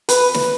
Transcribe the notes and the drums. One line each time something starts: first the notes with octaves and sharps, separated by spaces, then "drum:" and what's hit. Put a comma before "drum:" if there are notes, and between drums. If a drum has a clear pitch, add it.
B4, drum: hi-hat
drum: snare